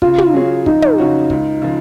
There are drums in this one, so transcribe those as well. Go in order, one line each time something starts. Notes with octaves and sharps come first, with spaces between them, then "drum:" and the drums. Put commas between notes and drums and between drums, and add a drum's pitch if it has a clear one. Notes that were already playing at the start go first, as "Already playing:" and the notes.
C#3 F4, drum: kick
drum: tom
F#3 C#4 G#4 C#5
F2 D#4, drum: kick
drum: tom
C#3 F#3 C#4 F#4
C#2, drum: kick
C#3 F3